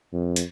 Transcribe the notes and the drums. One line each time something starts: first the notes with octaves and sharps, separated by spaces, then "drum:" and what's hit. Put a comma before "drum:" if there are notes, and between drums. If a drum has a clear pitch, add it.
F2
drum: hi-hat